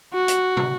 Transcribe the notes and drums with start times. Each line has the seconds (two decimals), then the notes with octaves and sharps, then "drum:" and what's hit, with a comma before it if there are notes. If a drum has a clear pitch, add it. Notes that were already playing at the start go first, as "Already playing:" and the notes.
0.13 F#4
0.28 drum: hi-hat
0.57 drum: tom